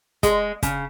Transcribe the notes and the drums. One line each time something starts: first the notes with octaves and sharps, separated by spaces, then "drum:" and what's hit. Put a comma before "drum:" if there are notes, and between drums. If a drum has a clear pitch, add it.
G#3, drum: kick, hi-hat
C#3, drum: kick, hi-hat